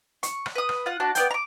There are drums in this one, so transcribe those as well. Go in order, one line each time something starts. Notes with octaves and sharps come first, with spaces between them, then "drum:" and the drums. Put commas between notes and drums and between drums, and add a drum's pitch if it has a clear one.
C#6, drum: hi-hat
drum: rim click
B4 D#6
drum: rim click
F4 F#5
D4 F#4 A5
B3 D5 G5, drum: hi-hat
A#5 D6